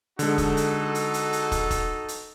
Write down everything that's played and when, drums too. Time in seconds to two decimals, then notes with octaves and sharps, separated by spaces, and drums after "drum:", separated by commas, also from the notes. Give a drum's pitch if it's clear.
0.19 D3 G#3 D#4 F#4 A4, drum: hi-hat
0.38 drum: kick, hi-hat
0.57 drum: hi-hat
0.95 drum: hi-hat
1.14 drum: hi-hat
1.33 drum: hi-hat
1.52 drum: kick, hi-hat
1.71 drum: kick, hi-hat
2.08 drum: hi-hat